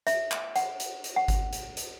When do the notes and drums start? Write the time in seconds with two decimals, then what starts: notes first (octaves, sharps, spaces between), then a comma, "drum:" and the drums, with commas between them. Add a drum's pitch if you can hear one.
0.07 E5, drum: hi-hat
0.31 drum: clap
0.56 F#5, drum: hi-hat
0.80 drum: hi-hat
1.04 drum: hi-hat
1.16 F#5
1.28 drum: kick G1, hi-hat
1.53 drum: hi-hat
1.77 drum: hi-hat